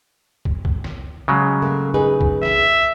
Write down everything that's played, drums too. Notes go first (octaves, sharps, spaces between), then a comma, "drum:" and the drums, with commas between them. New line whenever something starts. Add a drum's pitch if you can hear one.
drum: kick
drum: kick
drum: snare
C#3 F#3 G#3
A3 A#3
D#4 G#4 B4
drum: kick
E5, drum: snare